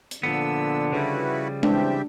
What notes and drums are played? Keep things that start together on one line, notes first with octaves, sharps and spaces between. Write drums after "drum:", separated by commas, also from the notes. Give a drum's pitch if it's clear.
drum: hi-hat
A#2 D3 F3 B3 E6
C#3 F3 G3 E4 F#4 B4
E3 C4 D4 G4 E5, drum: tom G#3